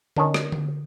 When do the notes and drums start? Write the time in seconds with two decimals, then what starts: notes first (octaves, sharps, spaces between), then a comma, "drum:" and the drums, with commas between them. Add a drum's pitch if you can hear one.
0.17 D#3 C#4 D4 A4, drum: tom D3
0.34 drum: rim click
0.52 drum: tom D3